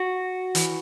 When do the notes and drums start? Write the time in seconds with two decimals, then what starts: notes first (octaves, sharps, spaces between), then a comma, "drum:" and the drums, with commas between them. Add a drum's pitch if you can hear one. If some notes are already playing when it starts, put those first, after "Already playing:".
Already playing: F#4
0.55 E3, drum: hi-hat